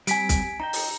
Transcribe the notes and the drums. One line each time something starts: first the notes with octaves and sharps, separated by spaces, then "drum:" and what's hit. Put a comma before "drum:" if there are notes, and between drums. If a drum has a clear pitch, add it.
G3 C4 G#5 B6 D7, drum: hi-hat
drum: kick, hi-hat
D#4 D#5 G5 A#5
drum: open hi-hat